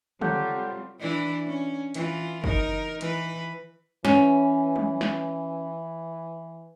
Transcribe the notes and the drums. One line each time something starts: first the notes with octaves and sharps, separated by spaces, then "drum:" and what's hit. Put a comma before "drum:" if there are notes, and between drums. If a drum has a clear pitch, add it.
F#3 G3 C4 F4 G4 A4 F#5 G6, drum: tom
E3 D4 E4
C#4
E3 F4, drum: hi-hat
D#4 A#4, drum: kick
E3 B4, drum: hi-hat
E3 C#4, drum: snare
drum: tom
drum: snare